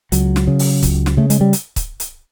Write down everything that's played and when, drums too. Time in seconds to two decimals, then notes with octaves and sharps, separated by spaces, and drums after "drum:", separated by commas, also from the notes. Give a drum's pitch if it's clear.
0.12 C#2 F#3, drum: hi-hat
0.36 drum: snare
0.47 C#3
0.59 drum: open hi-hat
0.83 C#2, drum: kick C#1, hi-hat
1.06 drum: snare
1.17 C#3 A3
1.30 G#3, drum: hi-hat
1.41 G3
1.53 drum: hi-hat
1.76 drum: kick C#1, hi-hat
2.00 drum: hi-hat